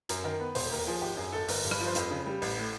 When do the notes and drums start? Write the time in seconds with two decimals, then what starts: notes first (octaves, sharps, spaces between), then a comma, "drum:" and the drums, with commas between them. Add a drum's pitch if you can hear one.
0.09 F#2 A#4, drum: hi-hat
0.24 D#3 A#4
0.40 B3 B4
0.55 E1 C5, drum: open hi-hat
0.71 D#2 A#4
0.87 F3 G#4
1.01 G#1 G4
1.17 F#2 G#4
1.32 G#1 A4
1.48 G1 A#4, drum: open hi-hat
1.64 G2
1.71 B4, drum: rim click
1.80 F3
1.87 C5
1.95 F2 B4, drum: hi-hat
2.11 C#3
2.26 G3
2.42 A1, drum: open hi-hat
2.57 A2